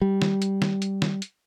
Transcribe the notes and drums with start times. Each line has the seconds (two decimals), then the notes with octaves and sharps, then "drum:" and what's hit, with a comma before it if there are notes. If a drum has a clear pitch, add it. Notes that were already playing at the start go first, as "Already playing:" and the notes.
0.02 G3
0.22 drum: snare D#3
0.42 drum: hi-hat
0.62 drum: snare D#3
0.82 drum: hi-hat
1.02 drum: snare D#3
1.22 drum: hi-hat